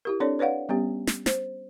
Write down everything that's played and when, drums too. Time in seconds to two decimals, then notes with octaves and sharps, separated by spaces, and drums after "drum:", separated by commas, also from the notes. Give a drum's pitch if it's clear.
0.05 E4 G4 A#4
0.20 C4 D4 A4 C#5 D5
0.39 B4 C#5 D5 F5 F#5
0.69 G3 B3 C#4 G4
1.07 drum: snare
1.26 C5, drum: snare